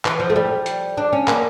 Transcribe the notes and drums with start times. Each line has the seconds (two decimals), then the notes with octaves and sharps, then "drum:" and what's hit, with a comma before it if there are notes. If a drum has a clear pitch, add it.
0.05 E3, drum: clap
0.20 F3
0.30 A3
0.36 G3
0.66 drum: hi-hat
0.97 D4
1.13 C#4
1.27 A#3, drum: clap